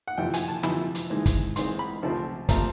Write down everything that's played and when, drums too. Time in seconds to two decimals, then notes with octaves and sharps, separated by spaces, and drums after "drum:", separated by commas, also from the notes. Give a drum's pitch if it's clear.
0.07 F#5
0.17 F2 C3 E3 G5
0.34 G#5, drum: hi-hat
0.48 A5
0.63 F2 C3 E3 B5, drum: snare
0.95 drum: hi-hat
1.10 G#2 E3 G#3 C4
1.26 drum: kick, hi-hat
1.56 G#2 E3 G#3 C4 C6, drum: hi-hat
1.79 B5
2.02 C#2 C3 F3 A3 C4
2.49 C3 F3 A3 C4 A#5, drum: kick, hi-hat